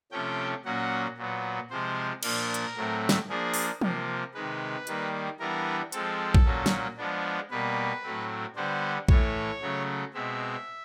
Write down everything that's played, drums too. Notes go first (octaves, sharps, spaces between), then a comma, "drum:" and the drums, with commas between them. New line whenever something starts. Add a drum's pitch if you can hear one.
C3 F3 A3 C#4 G5
A#2 F#3 A#3 C#4 F#5
A#2 F#3 B3
C3 F3 G#3 C5
A#2 F3 A#3 D4 A#4, drum: cymbal
drum: hi-hat
A2 F#3 A3 C4
drum: snare
F3 A#3 D4 G#4
drum: open hi-hat
C3 F3 A#3, drum: tom E3
C3 D#3 G#3 B4
D#3 G3 A#3, drum: hi-hat
E3 G3 B3 D4 A#4
F3 G#3 C4 A4, drum: hi-hat
drum: kick A#1
A#2 F#3 A#3 C#4
drum: snare
F3 G#3 B3 D4
B2 G3 A#3 B4
A2 F#3 A3 C4
D3 G3 B3 D4 C5
A2 E3 A3 C#5, drum: kick A#1
C#3 F#3 A3
B2 G#3 C4 E5